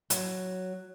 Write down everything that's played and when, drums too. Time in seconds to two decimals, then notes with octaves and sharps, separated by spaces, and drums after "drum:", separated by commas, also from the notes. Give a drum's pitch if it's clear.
0.10 F#3, drum: hi-hat